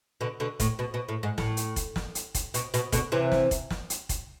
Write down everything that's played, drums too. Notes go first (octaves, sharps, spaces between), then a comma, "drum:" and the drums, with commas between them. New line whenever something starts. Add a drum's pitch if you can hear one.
B2 D3
B2 D3
A2, drum: kick F1, hi-hat
B2
B2
A2
G#2
A2, drum: snare
drum: hi-hat
drum: kick F1, hi-hat
drum: snare
drum: hi-hat
drum: kick F1, hi-hat
B2, drum: hi-hat
B2, drum: hi-hat
B2 D3, drum: kick F1, hi-hat
C3 E3
drum: snare
drum: kick F1, hi-hat
drum: snare
drum: hi-hat
drum: kick F1, hi-hat